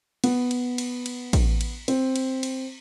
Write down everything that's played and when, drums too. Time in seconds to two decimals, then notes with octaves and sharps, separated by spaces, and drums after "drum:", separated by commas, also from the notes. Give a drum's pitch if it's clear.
0.24 B3, drum: cymbal
0.51 drum: cymbal
0.78 drum: cymbal
1.06 drum: cymbal
1.33 drum: kick A1, cymbal
1.61 drum: cymbal
1.88 C4, drum: cymbal
2.16 drum: cymbal
2.43 drum: cymbal